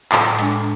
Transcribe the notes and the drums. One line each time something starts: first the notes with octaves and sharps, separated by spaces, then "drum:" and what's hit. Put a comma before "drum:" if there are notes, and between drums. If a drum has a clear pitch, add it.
A2, drum: clap
G#3 D4, drum: hi-hat